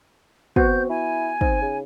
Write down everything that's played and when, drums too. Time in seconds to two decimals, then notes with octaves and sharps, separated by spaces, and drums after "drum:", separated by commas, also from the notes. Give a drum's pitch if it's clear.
0.56 B3 C4 F#4 G6, drum: kick
0.90 E4 G#5
1.41 C4 D#4, drum: kick
1.62 C#3